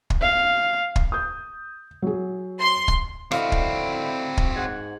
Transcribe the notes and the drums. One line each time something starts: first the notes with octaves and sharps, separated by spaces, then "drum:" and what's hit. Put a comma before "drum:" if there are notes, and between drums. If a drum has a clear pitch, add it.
drum: kick
F5
drum: kick
D#6 G6
F#3 G#4
C6
drum: kick
D3 C4 E4 F#4 D#5 F5, drum: rim click
drum: kick
drum: kick
G#2 F#5 G#6